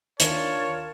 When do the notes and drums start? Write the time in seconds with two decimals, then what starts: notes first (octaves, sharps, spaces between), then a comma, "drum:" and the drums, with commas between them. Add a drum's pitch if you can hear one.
0.20 D#2 D#3 D4 F4 A#4 C#5 D5 A5, drum: hi-hat